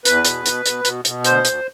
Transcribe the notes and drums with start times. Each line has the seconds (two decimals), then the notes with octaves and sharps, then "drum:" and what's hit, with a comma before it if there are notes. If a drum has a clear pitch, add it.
0.05 E2 B4, drum: hi-hat
0.25 B2, drum: hi-hat
0.46 B2, drum: hi-hat
0.66 B2, drum: hi-hat
0.85 B2, drum: hi-hat
1.05 B2, drum: hi-hat
1.24 D2 C5, drum: hi-hat
1.45 D2, drum: hi-hat